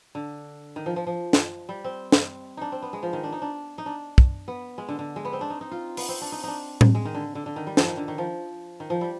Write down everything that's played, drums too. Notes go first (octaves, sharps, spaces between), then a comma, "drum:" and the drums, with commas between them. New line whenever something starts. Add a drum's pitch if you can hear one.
D3
D#3
F3
F3
F3
drum: snare
G3
C4
drum: snare
D4 D#4
C4
B3
G#3
F3
D#3
D4
D#4
D4
D#4
D4
drum: kick
B3
G#3
D3
D3
G#3
B3
C4
D4
D#4
D#4
F4
B3, drum: open hi-hat
C4
D4
D#4
D4 D#4
drum: tom A2
G#3
D#3
D3
D3
D3
D#3
G3
F3, drum: snare
D#3
D3
D#3
F3
D#3
F3
G3